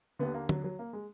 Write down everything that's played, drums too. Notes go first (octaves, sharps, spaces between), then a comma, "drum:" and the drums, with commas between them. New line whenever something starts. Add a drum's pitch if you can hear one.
D#2 D3 B3
A#3
F#3, drum: tom
F#3
A#3
G#3